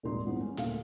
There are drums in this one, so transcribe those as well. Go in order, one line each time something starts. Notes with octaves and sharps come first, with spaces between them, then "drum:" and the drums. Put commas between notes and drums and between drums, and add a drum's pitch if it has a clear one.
D#1 G#1 F2 D#4 C6
G#2 E3 G3 B3 C4
C#4
D#1 D3 A3 A#3 F5, drum: hi-hat